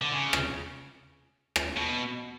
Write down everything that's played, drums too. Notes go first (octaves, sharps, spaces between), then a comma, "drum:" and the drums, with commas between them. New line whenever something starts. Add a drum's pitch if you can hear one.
D3
C#3
drum: rim click
drum: rim click
B2